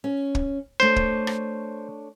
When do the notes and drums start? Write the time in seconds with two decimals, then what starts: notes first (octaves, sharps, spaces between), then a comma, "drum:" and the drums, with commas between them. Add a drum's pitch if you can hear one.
0.04 C#4
0.35 drum: kick
0.80 A3 D4 C5 C#5
0.96 drum: kick
1.27 drum: rim click